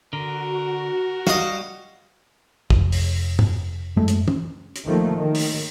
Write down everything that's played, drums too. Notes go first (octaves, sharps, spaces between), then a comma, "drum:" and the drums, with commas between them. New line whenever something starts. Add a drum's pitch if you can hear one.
D3 F#4 A#4
G3 F#4 D#5 F5, drum: snare
F1, drum: kick
drum: open hi-hat
drum: tom
F#2 G#3 A3
drum: hi-hat
drum: tom
drum: hi-hat
D#3 F3 A3 A#3
D#3
drum: open hi-hat